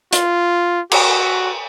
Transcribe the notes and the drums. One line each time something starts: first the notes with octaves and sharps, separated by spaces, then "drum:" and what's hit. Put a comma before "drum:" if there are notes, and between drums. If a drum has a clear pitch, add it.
F4, drum: hi-hat
F#4, drum: cymbal